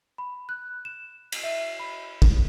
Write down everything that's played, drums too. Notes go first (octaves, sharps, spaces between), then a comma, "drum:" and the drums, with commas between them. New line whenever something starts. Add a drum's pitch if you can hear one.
B5
F#6
E7
drum: cymbal
E5
B5
drum: kick